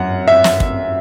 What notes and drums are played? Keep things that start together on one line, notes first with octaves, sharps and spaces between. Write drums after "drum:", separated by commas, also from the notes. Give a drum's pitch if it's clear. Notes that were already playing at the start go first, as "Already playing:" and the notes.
Already playing: F#2 F#5
E5
drum: snare
drum: kick